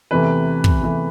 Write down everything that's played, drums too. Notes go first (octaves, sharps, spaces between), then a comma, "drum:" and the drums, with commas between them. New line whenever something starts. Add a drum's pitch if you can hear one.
E2 C3 E3 A3 B4
drum: kick
E2 C3 E3 A3